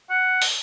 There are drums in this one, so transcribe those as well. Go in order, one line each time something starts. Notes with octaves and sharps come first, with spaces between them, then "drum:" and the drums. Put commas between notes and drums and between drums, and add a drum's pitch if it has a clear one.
F#5
drum: open hi-hat